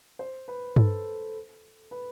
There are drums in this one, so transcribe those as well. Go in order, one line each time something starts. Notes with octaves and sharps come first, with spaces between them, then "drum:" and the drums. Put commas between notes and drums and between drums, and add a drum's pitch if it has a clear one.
C5
B4
A4, drum: tom G2
B4